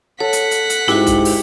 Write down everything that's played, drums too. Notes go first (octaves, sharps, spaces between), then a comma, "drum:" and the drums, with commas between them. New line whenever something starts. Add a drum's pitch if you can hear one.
A4 C#5 F#5 B6
drum: hi-hat
drum: hi-hat
drum: hi-hat
G#2 E4 F#4 G4 E5, drum: snare
drum: kick C2, hi-hat
drum: open hi-hat